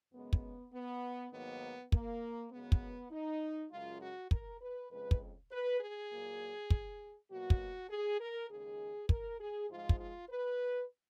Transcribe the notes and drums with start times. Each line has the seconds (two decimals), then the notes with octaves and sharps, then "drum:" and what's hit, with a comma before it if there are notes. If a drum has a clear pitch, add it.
0.13 F#2 C#3 G#3 B3
0.33 drum: kick
0.73 B3
1.32 G#2 D#3 F#3 A#3 B3
1.92 A#3, drum: kick
2.51 F#2 C#3 G#3 B3
2.72 drum: kick
3.11 D#4
3.71 F#2 C#3 G#3 F4
4.01 F#4
4.31 A#4, drum: kick
4.61 B4
4.91 F2 C#3 G#3 B4
5.11 drum: kick
5.51 B4
5.80 G#4
6.11 A#2 F#3 A#3
6.70 drum: kick
7.31 B2 F#3 A#3 F#4
7.50 drum: kick
7.89 G#4
8.20 A#4
8.49 D#2 C#3 G#3 G#4
9.09 A#4, drum: kick
9.39 G#4
9.70 G#2 F3 G#3 F4
9.89 drum: kick
10.00 F4
10.29 B4